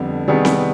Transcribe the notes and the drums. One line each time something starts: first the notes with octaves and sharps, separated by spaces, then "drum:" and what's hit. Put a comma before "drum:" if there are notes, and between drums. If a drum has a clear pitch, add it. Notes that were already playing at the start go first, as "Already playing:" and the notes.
Already playing: F2 D3 G3 B3
C3 D#3 G3 B3 G#4
drum: snare C4